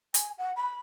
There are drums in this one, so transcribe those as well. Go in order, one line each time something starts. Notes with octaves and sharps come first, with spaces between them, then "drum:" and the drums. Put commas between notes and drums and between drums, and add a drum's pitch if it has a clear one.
G#5, drum: hi-hat
F#5
B5